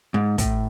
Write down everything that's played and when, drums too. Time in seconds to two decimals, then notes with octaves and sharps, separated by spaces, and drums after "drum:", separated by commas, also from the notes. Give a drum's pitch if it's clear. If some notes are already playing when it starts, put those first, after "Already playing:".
0.14 G#2
0.38 A2, drum: kick, hi-hat